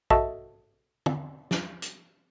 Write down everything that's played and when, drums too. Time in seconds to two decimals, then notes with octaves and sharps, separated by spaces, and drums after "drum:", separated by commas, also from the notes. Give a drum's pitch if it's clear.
0.10 F#4 A4 D#5 E5 A5, drum: kick A#1
1.06 drum: tom
1.51 drum: snare
1.82 drum: hi-hat